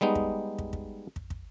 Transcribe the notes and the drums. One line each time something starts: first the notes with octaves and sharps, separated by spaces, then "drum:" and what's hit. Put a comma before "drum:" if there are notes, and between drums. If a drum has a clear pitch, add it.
G3 G#3 B3 D#4
drum: kick
drum: kick
drum: kick
drum: kick
drum: kick